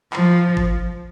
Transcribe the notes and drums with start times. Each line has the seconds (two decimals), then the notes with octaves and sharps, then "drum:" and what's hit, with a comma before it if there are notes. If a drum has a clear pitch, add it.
0.13 F3, drum: clap
0.57 drum: kick G1